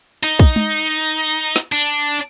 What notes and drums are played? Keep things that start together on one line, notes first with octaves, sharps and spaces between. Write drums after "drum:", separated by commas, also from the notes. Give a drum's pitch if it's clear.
D#4
drum: kick
drum: tom G#3
drum: snare
D4